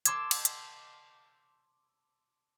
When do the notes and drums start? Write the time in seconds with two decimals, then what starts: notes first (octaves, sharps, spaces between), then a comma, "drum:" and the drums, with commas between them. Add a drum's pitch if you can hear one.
0.05 A5 C6 D6 E6 G#6, drum: hi-hat
0.31 drum: cymbal
0.45 drum: hi-hat